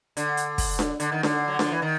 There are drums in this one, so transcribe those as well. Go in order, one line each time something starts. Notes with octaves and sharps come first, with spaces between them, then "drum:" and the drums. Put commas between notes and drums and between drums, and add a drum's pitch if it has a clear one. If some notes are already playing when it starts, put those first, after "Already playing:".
D3, drum: hi-hat
drum: hi-hat
drum: kick, open hi-hat
drum: snare D4
D3, drum: hi-hat
D#3
D3, drum: snare D4
F#3
F3, drum: snare D4
E3
D#3